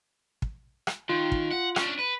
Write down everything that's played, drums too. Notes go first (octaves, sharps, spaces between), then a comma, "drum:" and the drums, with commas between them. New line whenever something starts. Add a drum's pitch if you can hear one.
drum: kick
drum: rim click
D#3 F4
drum: kick
F#5
C#4 D4, drum: rim click
B4